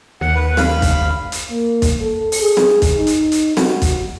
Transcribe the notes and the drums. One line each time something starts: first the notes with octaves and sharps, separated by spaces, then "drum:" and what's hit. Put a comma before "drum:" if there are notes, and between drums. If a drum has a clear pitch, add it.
D#2 F#5
B4
F5 B5, drum: snare
drum: kick, hi-hat
D2
drum: hi-hat
A#3
drum: kick, hi-hat
A4
drum: open hi-hat
G#4
drum: snare
drum: kick, hi-hat
D#4
drum: hi-hat
drum: hi-hat
F#4, drum: snare
drum: kick, hi-hat